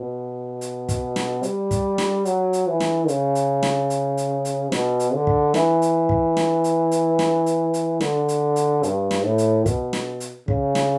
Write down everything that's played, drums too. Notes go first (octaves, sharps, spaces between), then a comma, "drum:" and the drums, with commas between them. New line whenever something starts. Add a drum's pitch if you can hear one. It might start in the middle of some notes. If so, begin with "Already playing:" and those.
Already playing: B2
drum: hi-hat
drum: kick, hi-hat
drum: snare
G3, drum: hi-hat
drum: kick, hi-hat
drum: snare
F#3, drum: hi-hat
drum: hi-hat
E3
drum: snare
C#3, drum: hi-hat
drum: hi-hat
drum: snare
drum: hi-hat
drum: hi-hat
drum: hi-hat
B2, drum: snare
drum: hi-hat
D3
drum: kick
E3, drum: snare
drum: hi-hat
drum: kick
drum: snare
drum: hi-hat
drum: hi-hat
drum: snare
drum: hi-hat
drum: hi-hat
D3, drum: snare
drum: hi-hat
drum: hi-hat
G2, drum: hi-hat
drum: snare
A2
drum: hi-hat
B2, drum: kick, hi-hat
drum: snare
drum: hi-hat
C#3, drum: kick
drum: snare